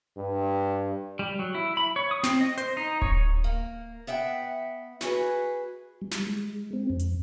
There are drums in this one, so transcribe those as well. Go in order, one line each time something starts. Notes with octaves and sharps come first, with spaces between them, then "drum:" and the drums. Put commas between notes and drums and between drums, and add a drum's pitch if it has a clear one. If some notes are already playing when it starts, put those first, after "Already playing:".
G2
G3
F#3
E4
B5
C#5
D#6
C4, drum: snare
D#5
C5, drum: hi-hat
D#4
C#5, drum: kick D1
A#3
B3 E5 F#5 G5
F#4 G#4 B4, drum: snare
G3
drum: snare
G#3
C4
F2
drum: hi-hat